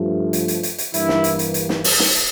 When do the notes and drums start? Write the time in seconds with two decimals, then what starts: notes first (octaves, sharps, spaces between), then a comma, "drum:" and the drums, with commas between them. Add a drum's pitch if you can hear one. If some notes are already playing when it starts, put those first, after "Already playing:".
Already playing: G2 F3 A3
0.33 drum: hi-hat
0.48 drum: hi-hat
0.63 drum: hi-hat
0.78 drum: hi-hat
0.94 G2 E3 A#3 E4, drum: hi-hat
1.09 drum: snare
1.24 drum: hi-hat
1.39 drum: hi-hat
1.54 drum: hi-hat
1.69 drum: snare
1.84 drum: open hi-hat
1.99 drum: snare
2.15 drum: hi-hat